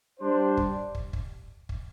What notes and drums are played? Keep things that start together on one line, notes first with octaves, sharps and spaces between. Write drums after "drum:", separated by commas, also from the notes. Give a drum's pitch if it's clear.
G3 D4 C5
drum: kick
drum: kick
drum: kick
drum: kick